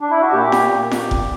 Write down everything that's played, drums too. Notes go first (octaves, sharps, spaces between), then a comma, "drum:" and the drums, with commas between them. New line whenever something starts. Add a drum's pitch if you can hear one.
D4
E4
F#4
A#2 G4
drum: snare F4
A#2
drum: snare F4
drum: kick F1